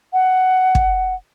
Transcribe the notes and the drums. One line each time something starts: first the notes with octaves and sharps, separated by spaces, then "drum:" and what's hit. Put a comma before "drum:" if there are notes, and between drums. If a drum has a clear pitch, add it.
F#5
drum: kick